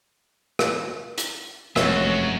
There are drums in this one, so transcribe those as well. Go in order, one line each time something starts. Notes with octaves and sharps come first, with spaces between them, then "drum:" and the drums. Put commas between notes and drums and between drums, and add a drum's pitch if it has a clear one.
drum: rim click
drum: hi-hat
F1 F#2 G#3 F#4 B4 C#5 E5, drum: rim click